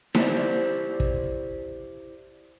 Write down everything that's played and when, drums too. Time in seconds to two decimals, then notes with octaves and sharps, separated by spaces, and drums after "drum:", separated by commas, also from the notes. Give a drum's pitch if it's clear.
0.15 E4 G4 A4 C5 D5, drum: snare D#4
1.00 drum: kick